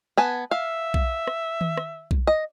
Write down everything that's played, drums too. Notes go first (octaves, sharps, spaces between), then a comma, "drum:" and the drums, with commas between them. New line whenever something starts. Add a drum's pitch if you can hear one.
B3 G#5 A5
E5 F5
drum: kick B1
drum: rim click
drum: tom D#3
drum: rim click
drum: kick B1
D#5